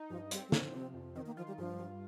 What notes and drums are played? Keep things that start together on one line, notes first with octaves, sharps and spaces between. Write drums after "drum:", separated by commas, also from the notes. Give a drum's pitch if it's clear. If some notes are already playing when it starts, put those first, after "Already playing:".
Already playing: D#4
G2 F3
G3 C4, drum: hi-hat
G3
F3 A#3, drum: snare
C3 C4
F2
D#3 C4
A#3
F3 F4
G3
G2 F3
G2